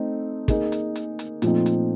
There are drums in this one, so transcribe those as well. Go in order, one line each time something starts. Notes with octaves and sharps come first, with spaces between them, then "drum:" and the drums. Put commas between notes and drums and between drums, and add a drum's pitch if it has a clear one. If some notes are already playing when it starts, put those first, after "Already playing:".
Already playing: A3 C4 D#4
A#3 D#4 G#4, drum: kick, hi-hat
drum: hi-hat
drum: hi-hat
drum: hi-hat
A#2 F3 A3 C4 D#4, drum: hi-hat
drum: hi-hat